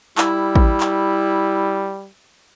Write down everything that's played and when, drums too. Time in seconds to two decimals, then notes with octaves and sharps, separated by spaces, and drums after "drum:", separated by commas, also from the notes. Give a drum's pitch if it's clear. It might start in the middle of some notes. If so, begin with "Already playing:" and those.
0.18 G3 E4, drum: clap
0.56 drum: kick A1
0.80 drum: clap